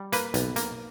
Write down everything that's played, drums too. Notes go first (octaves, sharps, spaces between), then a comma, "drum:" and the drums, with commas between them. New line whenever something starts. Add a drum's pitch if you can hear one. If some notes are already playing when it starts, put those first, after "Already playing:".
Already playing: G3
A#3 B4, drum: hi-hat
B1, drum: hi-hat
A#3, drum: hi-hat